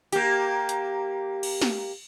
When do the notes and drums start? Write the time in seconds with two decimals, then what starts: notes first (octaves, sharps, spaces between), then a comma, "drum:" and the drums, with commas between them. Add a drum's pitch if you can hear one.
0.13 A#3 G4, drum: hi-hat
0.69 drum: hi-hat
1.43 drum: cymbal
1.61 drum: snare